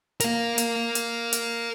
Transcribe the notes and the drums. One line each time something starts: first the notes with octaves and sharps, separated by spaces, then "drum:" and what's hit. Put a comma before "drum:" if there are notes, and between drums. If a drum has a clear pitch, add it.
A#4 F5, drum: hi-hat
drum: hi-hat
drum: hi-hat
drum: hi-hat